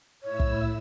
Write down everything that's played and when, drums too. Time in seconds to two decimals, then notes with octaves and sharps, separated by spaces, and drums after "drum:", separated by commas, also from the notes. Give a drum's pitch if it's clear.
0.23 A2 E4 C#5 E6
0.40 drum: kick